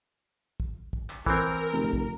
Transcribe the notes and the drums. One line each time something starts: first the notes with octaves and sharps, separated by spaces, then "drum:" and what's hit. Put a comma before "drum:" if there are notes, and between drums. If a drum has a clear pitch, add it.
drum: kick
drum: kick
drum: clap
E3 C4 A#4, drum: kick
F1
drum: kick